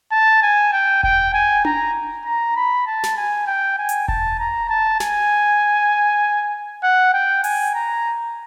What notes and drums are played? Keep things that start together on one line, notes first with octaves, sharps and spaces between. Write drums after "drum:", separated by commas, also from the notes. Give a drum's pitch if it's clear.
A5
G#5
G5
G5, drum: kick E1
G#5
A#5, drum: tom D4
A#5
B5
A5
drum: snare
G#5
G5
G#5
drum: hi-hat
A5, drum: kick E1
A#5
A5
G#5, drum: snare
F#5
G5
G#5, drum: open hi-hat
A#5